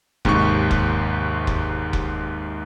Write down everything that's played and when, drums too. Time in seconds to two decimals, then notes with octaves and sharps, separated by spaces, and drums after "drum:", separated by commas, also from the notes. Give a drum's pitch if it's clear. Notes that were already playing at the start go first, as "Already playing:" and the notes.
0.25 D#2 G#2 C3 D#4 C#6, drum: kick F1
0.71 drum: kick F1
1.47 drum: kick F1
1.93 drum: kick F1